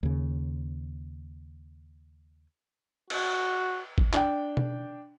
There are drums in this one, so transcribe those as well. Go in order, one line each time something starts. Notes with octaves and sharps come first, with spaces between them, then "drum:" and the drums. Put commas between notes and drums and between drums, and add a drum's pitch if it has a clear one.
D#2 C#3
F#4, drum: cymbal
drum: kick
D4 G5, drum: clap
drum: tom B2